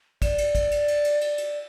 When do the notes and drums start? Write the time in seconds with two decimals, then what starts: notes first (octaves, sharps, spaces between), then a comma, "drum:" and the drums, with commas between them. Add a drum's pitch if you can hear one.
0.22 D5, drum: kick, cymbal
0.38 drum: cymbal
0.55 drum: kick, cymbal
0.71 drum: cymbal
0.88 drum: cymbal
1.05 drum: cymbal
1.21 drum: cymbal
1.38 drum: cymbal